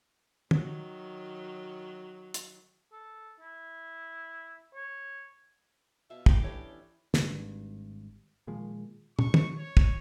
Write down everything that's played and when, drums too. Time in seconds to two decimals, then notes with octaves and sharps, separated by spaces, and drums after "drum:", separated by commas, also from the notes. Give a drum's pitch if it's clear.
0.51 D#3 F#3, drum: tom
2.34 drum: hi-hat
2.92 A4
3.40 E4
4.74 C#5
6.10 B2 E5 F5 A5
6.26 B3 E4 G4, drum: kick
6.43 E3 C#4 D4 A4 C#5
7.14 G#1 G2, drum: snare
8.47 A#2 D#3 F3 G#3
9.19 C#6, drum: tom
9.34 drum: tom
9.59 C#5
9.77 drum: kick